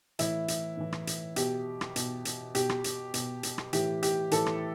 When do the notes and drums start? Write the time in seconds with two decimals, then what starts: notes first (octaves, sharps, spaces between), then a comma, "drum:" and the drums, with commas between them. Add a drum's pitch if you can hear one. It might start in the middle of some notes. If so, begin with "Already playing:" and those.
0.19 A2 E3 E4, drum: hi-hat
0.48 drum: hi-hat
0.77 A2 E3
0.92 drum: rim click
1.07 drum: hi-hat
1.36 B2 G4, drum: hi-hat
1.81 drum: rim click
1.96 B2, drum: hi-hat
2.25 drum: hi-hat
2.55 B2 G4, drum: hi-hat
2.69 drum: rim click
2.84 drum: hi-hat
3.14 B2, drum: hi-hat
3.43 drum: hi-hat
3.58 drum: rim click
3.73 A2 E3 G4, drum: hi-hat
4.03 G4, drum: hi-hat
4.31 A2 E3 A4, drum: hi-hat
4.46 drum: rim click